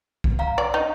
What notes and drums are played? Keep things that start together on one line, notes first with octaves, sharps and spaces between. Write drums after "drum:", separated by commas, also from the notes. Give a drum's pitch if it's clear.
drum: kick
F5 A#5
D5
D#4